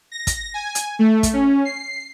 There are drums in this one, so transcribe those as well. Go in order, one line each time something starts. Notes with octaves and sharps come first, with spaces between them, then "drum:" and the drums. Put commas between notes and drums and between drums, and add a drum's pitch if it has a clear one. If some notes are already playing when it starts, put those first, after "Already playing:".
A#6
drum: kick, hi-hat
G#5
drum: hi-hat
A3
drum: kick, hi-hat
C#4
C7